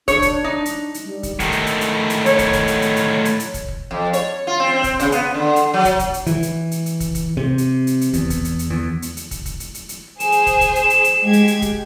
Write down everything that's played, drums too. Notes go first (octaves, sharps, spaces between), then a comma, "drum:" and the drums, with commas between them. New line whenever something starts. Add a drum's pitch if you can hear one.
D4 C#5, drum: kick, hi-hat
drum: kick, hi-hat
D#4
drum: hi-hat
drum: hi-hat
G3
drum: kick, hi-hat
A2 D#3, drum: kick, hi-hat
drum: hi-hat
drum: hi-hat
drum: hi-hat
drum: hi-hat
C#5, drum: hi-hat
drum: kick, hi-hat
drum: kick, hi-hat
drum: hi-hat
drum: hi-hat
drum: hi-hat
drum: hi-hat
drum: hi-hat
drum: kick, hi-hat
drum: kick
F2
C#5, drum: hi-hat
F4
C4
C4
drum: kick, hi-hat
C#3, drum: hi-hat
B3, drum: hi-hat
D3
drum: hi-hat
F#3
drum: kick, hi-hat
drum: kick, hi-hat
drum: hi-hat
E3, drum: hi-hat
drum: hi-hat
drum: hi-hat
drum: hi-hat
drum: kick, hi-hat
drum: kick, hi-hat
C3
drum: hi-hat
drum: hi-hat
drum: hi-hat
E2, drum: kick, hi-hat
drum: kick, hi-hat
drum: hi-hat
drum: hi-hat
E2
drum: hi-hat
drum: hi-hat
drum: kick, hi-hat
drum: kick, hi-hat
drum: hi-hat
drum: hi-hat
drum: hi-hat
G#4 C5 E7, drum: hi-hat
drum: hi-hat
drum: kick, hi-hat
drum: kick, hi-hat
drum: hi-hat
drum: hi-hat
drum: hi-hat
G#3 G4 G#6
drum: hi-hat
drum: hi-hat
drum: kick, hi-hat